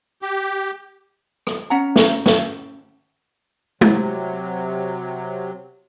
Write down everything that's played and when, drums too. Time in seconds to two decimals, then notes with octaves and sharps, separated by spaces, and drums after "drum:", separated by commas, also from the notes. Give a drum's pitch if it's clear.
0.22 G4
1.47 drum: rim click
1.70 C#4 F#5 A#5
1.96 drum: snare
2.26 drum: snare
3.81 C3 F#3, drum: tom G#3